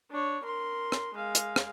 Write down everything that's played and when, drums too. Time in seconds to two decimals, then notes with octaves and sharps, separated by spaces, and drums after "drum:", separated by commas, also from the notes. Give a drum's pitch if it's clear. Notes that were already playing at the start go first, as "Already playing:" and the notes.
0.11 D4 C#5
0.43 A#4 C6
0.92 drum: rim click
1.14 G#3 F5
1.35 drum: hi-hat
1.56 drum: rim click